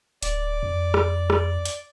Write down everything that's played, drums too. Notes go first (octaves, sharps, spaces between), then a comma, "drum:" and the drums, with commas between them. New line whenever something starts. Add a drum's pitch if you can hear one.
D1 D5, drum: hi-hat
F2
drum: rim click
drum: rim click
drum: hi-hat